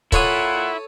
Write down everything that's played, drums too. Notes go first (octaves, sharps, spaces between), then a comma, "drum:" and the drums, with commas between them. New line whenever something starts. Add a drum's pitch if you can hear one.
A#2 E4 F4 A4 C#5 F#5 D#6, drum: kick, hi-hat